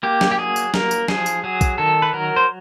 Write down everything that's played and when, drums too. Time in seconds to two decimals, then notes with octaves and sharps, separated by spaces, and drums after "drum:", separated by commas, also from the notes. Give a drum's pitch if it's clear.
0.03 A#3 G4
0.21 drum: snare
0.31 G4
0.38 F#3 G#4
0.56 drum: tambourine
0.74 A#3 A#4, drum: snare
0.91 drum: tambourine
1.08 F3 G#4, drum: snare
1.26 drum: tambourine
1.44 F#3 G#4
1.61 drum: kick, tambourine
1.78 D#3 A4
2.02 B4
2.13 F#3 A#4
2.36 C5